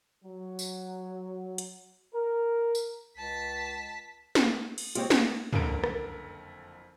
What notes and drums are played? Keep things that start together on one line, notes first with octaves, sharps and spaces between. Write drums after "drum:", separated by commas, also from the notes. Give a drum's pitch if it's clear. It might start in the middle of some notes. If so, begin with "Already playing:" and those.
F#3
drum: tambourine
drum: hi-hat
A#4
drum: tambourine
C#2 A5 B6
drum: snare
drum: cymbal
G#3 C4 F4 G4 C#5, drum: hi-hat
drum: snare
F#1 F2 D3 A#4 D7, drum: tom
drum: rim click